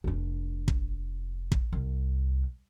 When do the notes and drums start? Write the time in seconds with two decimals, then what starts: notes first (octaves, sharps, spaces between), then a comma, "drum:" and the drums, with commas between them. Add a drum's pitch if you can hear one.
0.04 F1 D4
0.68 drum: kick
1.52 drum: kick
1.73 C2